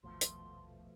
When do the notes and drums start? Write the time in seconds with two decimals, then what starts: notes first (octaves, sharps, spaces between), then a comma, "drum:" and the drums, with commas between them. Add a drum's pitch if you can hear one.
0.03 D#1 G#1 B2 F3 A3 C6
0.21 drum: hi-hat